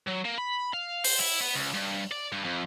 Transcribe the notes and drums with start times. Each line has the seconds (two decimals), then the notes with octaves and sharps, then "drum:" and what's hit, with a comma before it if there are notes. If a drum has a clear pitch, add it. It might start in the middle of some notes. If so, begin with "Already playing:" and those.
0.08 F#3
0.25 A#3
0.38 B5
0.74 F5
1.04 C5, drum: open hi-hat
1.19 E4
1.41 B3
1.56 C#2
1.74 G2
2.12 D5
2.32 G2
2.44 F2